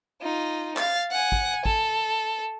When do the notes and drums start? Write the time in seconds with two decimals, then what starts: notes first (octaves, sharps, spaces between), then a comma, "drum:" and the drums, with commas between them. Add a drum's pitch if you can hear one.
0.22 D#4 F4
0.77 F5 A6, drum: clap
1.11 F#5 G#5
1.32 drum: kick
1.66 A4, drum: kick